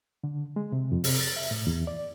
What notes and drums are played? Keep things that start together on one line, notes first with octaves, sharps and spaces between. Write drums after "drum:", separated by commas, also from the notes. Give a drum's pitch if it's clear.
D3
G#3
C3
F2
C3, drum: open hi-hat
A6
E5
A2
E2
D5